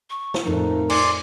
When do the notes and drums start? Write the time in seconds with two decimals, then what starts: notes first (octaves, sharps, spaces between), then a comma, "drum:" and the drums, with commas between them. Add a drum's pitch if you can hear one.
0.10 C#6
0.34 drum: snare
0.45 F2 A2 A3 D#4 A#4
0.90 D5 G#5 C6, drum: cymbal